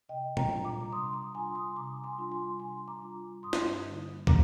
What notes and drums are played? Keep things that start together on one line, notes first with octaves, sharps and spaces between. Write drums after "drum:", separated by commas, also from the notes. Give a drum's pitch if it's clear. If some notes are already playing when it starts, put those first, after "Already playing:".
C3 D#5 G5
G5 A#5, drum: tom
G3 D4 F4
A#5 D6
C3 C6 D#6
A#5 D6
G3 D4 F4 G#5 C6
C6 D#6
C3 A#5 D6
G#5 C6
G3 D4 F4
G#5 C6
C3 G#5 C6
A#5 D6
G3 D4 F4
G2 C6 D#6
drum: snare
D3 G3 A#3 D#4
A#5 D6, drum: kick